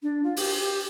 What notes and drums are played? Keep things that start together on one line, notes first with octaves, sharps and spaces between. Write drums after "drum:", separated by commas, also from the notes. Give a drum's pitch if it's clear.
D4
F4
G4, drum: open hi-hat
G4